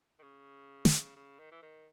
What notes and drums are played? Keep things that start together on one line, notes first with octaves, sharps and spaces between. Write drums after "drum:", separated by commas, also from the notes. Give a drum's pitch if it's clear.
D#3
C#3
drum: snare
C#3
D#3
E3
D#3